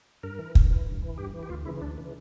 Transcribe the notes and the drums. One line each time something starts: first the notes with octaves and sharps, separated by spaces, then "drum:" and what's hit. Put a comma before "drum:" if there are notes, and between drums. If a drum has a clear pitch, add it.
G2 A#4
E3
G2, drum: kick
E3
G2
E3
G2 G4
E3
G4
D2 F4
C#3 E3 E4
D2 D4
C#3 E3